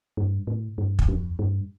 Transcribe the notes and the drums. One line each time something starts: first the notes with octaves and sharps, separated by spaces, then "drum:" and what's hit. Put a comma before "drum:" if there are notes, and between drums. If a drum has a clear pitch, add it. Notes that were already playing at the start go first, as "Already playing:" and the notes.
G2
A2
G2
drum: kick
F2
G2